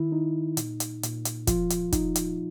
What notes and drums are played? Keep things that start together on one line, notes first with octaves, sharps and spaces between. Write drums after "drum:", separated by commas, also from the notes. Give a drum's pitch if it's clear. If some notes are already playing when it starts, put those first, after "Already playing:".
Already playing: D#3 E4
D#4
A#2, drum: hi-hat
drum: hi-hat
A#2, drum: hi-hat
drum: hi-hat
F3 F4, drum: kick, hi-hat
drum: hi-hat
D#4, drum: kick, hi-hat
drum: hi-hat